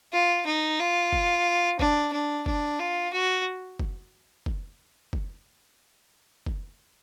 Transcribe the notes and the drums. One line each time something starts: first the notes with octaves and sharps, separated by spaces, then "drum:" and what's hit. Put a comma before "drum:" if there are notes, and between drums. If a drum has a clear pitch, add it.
F4
D#4
F4
drum: kick
D4, drum: kick
D4
D4, drum: kick
F4
F#4
drum: kick
drum: kick
drum: kick
drum: kick